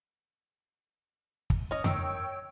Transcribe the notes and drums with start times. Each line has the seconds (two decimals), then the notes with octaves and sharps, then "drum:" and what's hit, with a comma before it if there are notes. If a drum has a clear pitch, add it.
1.50 drum: kick
1.71 C#4 D#5
1.84 D#3 C#5 G5 E6, drum: tom F2